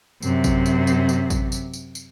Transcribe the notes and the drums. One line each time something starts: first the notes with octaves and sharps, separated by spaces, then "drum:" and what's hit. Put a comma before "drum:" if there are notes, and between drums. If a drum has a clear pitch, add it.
F#2 C3, drum: tambourine
drum: kick A1, tambourine
drum: tambourine
drum: tambourine
drum: tambourine
drum: kick A1, tambourine
drum: tambourine
drum: tambourine
drum: tambourine